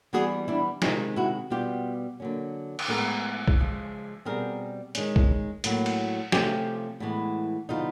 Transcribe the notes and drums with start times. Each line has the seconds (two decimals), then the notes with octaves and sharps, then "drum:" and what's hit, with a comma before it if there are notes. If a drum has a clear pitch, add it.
0.13 E3 G3 B3 F#4 G#4
0.48 D4 E4
0.82 C3 D#3 G#3 C4 D#4 F4, drum: snare
1.16 E4 F#4
1.50 B2 G3 B3 F4 G4
2.20 D3 F#3 A#3 C#4
2.79 drum: cymbal
2.88 A2 F3 G#3 B3 G#4 A#4
3.48 drum: kick
3.58 C#3 F3 G#3
4.25 B2 G3 C4 G#4 A#4
4.95 D#3 G#3 C#4, drum: hi-hat
5.16 drum: kick
5.64 A2 F#3 A#3, drum: hi-hat
5.86 drum: cymbal
6.32 C3 F3 A3 C#4 F4 G4, drum: snare
7.00 A2 E3 G#3 B3
7.69 C#3 E3 G3 B3 D#4 F4